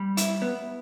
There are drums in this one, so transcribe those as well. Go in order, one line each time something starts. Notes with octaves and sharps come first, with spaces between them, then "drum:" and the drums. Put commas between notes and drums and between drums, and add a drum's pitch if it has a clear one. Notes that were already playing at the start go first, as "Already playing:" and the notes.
Already playing: G3
E4, drum: hi-hat
B3